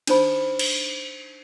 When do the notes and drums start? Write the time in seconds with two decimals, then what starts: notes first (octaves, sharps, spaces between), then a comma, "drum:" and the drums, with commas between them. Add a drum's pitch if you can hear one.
0.07 D4 D#4 C5 B5, drum: cymbal
0.59 drum: cymbal